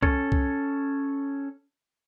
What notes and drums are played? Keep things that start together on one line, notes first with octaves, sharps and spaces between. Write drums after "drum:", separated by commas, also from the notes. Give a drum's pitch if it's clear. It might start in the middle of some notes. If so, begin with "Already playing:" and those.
C#4 A4, drum: kick C2
drum: kick C2